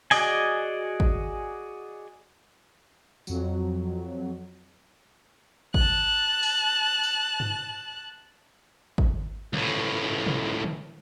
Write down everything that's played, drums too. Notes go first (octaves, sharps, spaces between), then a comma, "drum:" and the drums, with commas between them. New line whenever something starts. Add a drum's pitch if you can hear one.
F#4 G#4 D5 D#5 G#5, drum: open hi-hat
drum: kick G#1
F2 F#3, drum: tambourine
A5 F#6, drum: kick G#1
drum: open hi-hat
drum: tambourine
drum: tom G2
drum: kick G#1
C#2 A2, drum: tom B2
drum: tom B2
drum: tom